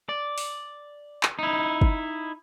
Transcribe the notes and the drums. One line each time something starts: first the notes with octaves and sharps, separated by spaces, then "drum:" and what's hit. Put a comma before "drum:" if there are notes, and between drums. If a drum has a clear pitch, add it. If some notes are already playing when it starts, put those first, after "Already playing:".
D5
drum: open hi-hat
drum: clap
D#4 E4
drum: kick